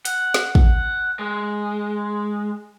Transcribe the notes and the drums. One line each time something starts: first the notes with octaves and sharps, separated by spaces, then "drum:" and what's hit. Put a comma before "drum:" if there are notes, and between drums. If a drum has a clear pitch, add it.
F#5, drum: hi-hat
drum: snare
drum: kick
G#3